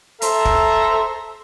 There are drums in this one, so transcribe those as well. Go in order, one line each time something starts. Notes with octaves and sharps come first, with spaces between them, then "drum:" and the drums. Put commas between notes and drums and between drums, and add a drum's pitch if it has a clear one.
A4 C5 E5 A#5, drum: hi-hat
drum: kick